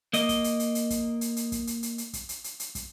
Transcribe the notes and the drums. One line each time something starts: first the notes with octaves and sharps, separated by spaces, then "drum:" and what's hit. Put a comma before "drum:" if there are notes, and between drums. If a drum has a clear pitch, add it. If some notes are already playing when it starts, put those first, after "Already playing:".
A#3 D#5, drum: hi-hat
drum: kick, hi-hat
drum: hi-hat
drum: hi-hat
drum: hi-hat
drum: kick, hi-hat
drum: hi-hat
drum: hi-hat
drum: kick, hi-hat
drum: hi-hat
drum: hi-hat
drum: hi-hat
drum: kick, hi-hat
drum: hi-hat
drum: hi-hat
drum: hi-hat
drum: kick, hi-hat